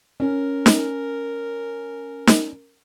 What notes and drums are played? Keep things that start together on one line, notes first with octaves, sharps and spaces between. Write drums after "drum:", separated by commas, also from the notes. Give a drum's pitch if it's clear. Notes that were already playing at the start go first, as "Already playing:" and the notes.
C#4 A#4
drum: snare
drum: snare